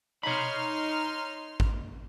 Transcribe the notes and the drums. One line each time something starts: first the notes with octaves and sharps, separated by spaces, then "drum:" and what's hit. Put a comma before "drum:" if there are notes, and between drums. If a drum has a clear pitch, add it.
D#4 C#5 B5 C6 F6
drum: kick